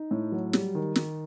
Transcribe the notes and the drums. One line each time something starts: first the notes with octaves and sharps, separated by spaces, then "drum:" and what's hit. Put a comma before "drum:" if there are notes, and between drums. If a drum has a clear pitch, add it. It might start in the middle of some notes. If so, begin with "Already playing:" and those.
Already playing: D#4
A2
F#3
G3, drum: snare
D#3
D#3, drum: snare